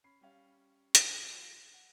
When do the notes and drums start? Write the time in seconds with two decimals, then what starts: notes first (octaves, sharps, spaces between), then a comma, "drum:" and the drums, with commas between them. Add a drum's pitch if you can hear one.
0.04 C#4 B5 C7
0.21 G3 C#4 F5
0.95 F3 G3 F#4, drum: hi-hat
1.73 F#5